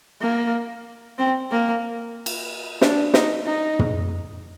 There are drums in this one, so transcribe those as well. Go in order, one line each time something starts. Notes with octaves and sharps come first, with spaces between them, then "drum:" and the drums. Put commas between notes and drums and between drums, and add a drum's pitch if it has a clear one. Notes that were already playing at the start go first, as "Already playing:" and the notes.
A#3
C4
A#3
drum: cymbal
D4, drum: snare
D#4, drum: snare
D#4
drum: tom